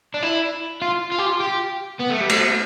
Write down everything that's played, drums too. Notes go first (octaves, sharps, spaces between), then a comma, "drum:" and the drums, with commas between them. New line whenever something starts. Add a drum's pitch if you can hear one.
D4
E4
F4
F4
G4
F4
G4
B3
A3
G3
A3, drum: cymbal